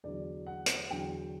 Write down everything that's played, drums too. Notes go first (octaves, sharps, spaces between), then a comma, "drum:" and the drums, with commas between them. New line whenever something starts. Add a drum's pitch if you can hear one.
E2 D3 F#3 D5
F#5
drum: hi-hat
E2 D3 F#3 G5